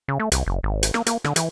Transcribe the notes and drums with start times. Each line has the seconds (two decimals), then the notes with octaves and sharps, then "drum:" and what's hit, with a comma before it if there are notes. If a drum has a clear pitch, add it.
0.08 C#3
0.20 A3
0.32 C2, drum: hi-hat
0.46 F#1
0.63 G#1
0.83 drum: hi-hat
0.94 A#3, drum: rim click
1.06 A#3, drum: hi-hat
1.24 D3, drum: rim click
1.36 E3, drum: hi-hat